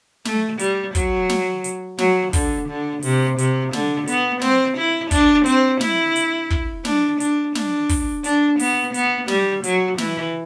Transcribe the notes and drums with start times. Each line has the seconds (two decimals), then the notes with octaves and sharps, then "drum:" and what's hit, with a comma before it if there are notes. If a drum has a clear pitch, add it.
0.25 A3, drum: snare
0.59 G3, drum: hi-hat
0.95 F#3, drum: kick, hi-hat
1.29 drum: snare
1.64 drum: hi-hat
1.98 F#3, drum: snare
2.33 D3, drum: kick, open hi-hat
2.69 D3
3.02 C3, drum: open hi-hat
3.38 C3, drum: hi-hat
3.73 D3, drum: snare
4.07 B3, drum: hi-hat
4.41 C4, drum: snare
4.77 E4
5.11 D4, drum: kick, hi-hat
5.46 C4, drum: hi-hat
5.81 E4, drum: snare
6.16 drum: hi-hat
6.50 drum: kick
6.85 D4, drum: snare
7.20 D4, drum: hi-hat
7.55 D4, drum: snare
7.89 drum: kick, open hi-hat
8.24 D4, drum: hi-hat
8.59 B3, drum: open hi-hat
8.94 B3, drum: hi-hat
9.28 G3, drum: snare
9.64 F#3, drum: hi-hat
9.98 E3, drum: snare